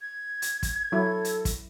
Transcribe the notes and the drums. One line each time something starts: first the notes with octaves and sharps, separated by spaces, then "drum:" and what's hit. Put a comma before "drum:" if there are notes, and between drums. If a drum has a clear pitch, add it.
G#6
drum: hi-hat
drum: kick, hi-hat
F#3 E4 A4
drum: hi-hat
drum: kick, hi-hat